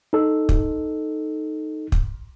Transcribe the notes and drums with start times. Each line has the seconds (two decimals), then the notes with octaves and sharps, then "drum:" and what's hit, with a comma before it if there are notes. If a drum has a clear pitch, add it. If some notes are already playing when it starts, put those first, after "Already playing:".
0.13 D#4 A4
0.49 drum: kick
1.92 drum: kick